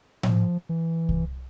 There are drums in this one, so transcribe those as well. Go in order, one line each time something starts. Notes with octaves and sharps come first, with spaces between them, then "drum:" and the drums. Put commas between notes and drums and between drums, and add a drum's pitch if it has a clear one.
F#3, drum: tom A2
F3
E3
drum: kick C2